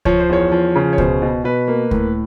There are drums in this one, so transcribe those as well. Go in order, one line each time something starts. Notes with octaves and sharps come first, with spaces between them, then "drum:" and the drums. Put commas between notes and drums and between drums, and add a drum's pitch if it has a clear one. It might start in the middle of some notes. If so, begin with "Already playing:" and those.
F3 C#5, drum: kick C#2
C5
E2 C#5
F3
C#3
C#5
B2 C5, drum: kick C#2
B2
B2 B4
A#3
A2, drum: kick C#2